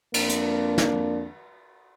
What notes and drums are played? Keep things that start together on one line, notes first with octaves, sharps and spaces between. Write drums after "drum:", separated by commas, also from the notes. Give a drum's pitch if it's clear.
F2 A#3 D4, drum: cymbal
drum: hi-hat
drum: snare